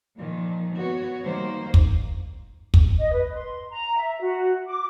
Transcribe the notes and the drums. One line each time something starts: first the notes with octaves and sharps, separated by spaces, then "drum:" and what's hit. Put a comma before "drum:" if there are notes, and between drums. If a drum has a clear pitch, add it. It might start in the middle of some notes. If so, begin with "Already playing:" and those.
A#2 D#3 F3
B3 F#4 C#5
D#3 G3 A#3 C5
drum: kick
drum: kick
D#5
B4
C6
A#5
E5
F#4
D6